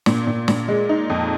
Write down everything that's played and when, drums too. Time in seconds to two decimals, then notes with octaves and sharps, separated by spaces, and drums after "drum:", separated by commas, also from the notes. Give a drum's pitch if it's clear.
0.06 A#2, drum: snare
0.27 A#2
0.48 A#2, drum: snare
0.68 G#3
0.89 D#4
1.10 F2